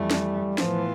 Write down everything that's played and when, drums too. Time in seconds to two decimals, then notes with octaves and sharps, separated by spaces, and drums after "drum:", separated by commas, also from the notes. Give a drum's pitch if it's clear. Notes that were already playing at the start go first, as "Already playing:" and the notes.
Already playing: F2 E3 G3 A3
0.11 drum: snare
0.58 A2 E3 F3 B3 F4, drum: snare